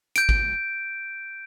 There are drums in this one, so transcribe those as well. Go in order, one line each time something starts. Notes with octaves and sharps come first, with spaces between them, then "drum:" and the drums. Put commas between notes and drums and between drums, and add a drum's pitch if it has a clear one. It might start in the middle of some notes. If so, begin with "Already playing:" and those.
G6 D7, drum: hi-hat
drum: kick